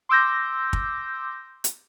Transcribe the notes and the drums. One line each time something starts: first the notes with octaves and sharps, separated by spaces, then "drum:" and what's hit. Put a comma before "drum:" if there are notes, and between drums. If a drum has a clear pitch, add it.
C6 D6 E6 G6 A#6
drum: kick
drum: hi-hat